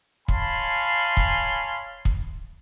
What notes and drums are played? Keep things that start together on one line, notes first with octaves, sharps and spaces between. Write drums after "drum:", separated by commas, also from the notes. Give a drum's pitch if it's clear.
C#5 F5 G#5 A5 B5 C6, drum: kick
drum: kick
drum: kick